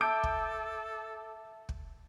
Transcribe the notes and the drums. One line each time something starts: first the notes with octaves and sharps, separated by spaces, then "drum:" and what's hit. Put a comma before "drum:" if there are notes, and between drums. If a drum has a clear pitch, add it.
A4 E5 A5 D6 E6 G6 D7
drum: kick
drum: kick